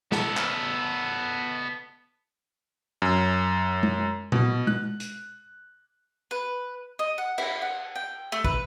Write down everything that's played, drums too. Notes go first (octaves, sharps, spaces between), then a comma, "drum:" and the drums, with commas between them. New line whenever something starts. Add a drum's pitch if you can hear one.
B3 A4, drum: snare
drum: clap
F#2
drum: tom G#3
B2, drum: tom A#2
F#6, drum: tom G#3
drum: hi-hat
B4
D#5
F#5
E4, drum: cymbal
F#5
G5
A3
B4, drum: kick